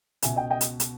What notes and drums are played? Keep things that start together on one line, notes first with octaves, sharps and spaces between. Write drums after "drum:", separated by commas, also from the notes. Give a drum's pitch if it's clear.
C#2 B2 E5 G#5, drum: hi-hat
D#5 G5
D#5 G5
drum: hi-hat
drum: hi-hat